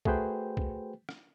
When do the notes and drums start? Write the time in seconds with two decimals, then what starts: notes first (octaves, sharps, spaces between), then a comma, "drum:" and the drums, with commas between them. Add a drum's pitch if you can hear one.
0.05 A3 F#4 G#4 B4 C5 G5, drum: kick
0.57 drum: kick
1.09 drum: rim click